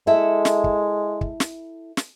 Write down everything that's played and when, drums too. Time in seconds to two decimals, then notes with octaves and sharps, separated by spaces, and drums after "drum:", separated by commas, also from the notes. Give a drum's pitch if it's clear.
0.07 G#3 E4 A4 E5
0.45 drum: snare
0.64 drum: kick
1.21 drum: kick
1.40 drum: snare
1.97 drum: snare